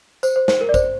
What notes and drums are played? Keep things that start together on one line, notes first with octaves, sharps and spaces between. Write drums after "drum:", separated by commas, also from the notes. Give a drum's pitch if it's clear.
C5, drum: tambourine
C5
C5, drum: snare
A#4
D5
C5, drum: kick, tambourine